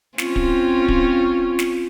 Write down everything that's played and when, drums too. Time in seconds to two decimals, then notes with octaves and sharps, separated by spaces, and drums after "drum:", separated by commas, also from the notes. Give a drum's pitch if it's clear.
0.18 C4 C#4 F4, drum: snare
0.36 drum: kick D1
0.88 drum: kick D1
1.59 drum: snare